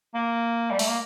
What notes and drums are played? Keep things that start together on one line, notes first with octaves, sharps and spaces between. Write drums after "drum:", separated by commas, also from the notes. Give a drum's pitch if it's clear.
A#3
G3
A3, drum: open hi-hat
A#3